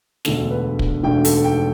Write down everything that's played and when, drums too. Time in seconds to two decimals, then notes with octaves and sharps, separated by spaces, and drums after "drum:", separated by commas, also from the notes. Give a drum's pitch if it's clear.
0.25 E1 D2 D3 A4, drum: snare
0.51 B4
0.79 drum: kick
1.03 E1 D2 D3 G5
1.25 A4, drum: hi-hat
1.44 G5